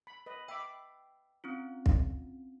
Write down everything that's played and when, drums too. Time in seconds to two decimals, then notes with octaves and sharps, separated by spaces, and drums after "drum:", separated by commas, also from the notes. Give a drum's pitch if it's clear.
0.07 B5
0.26 B4 D#5
0.48 E5 G5 B5 D6
1.44 C4 C#4 F4
1.86 drum: kick